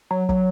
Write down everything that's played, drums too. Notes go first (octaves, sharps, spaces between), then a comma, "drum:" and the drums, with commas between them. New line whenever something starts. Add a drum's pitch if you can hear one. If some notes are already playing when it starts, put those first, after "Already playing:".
F#3
F#3, drum: kick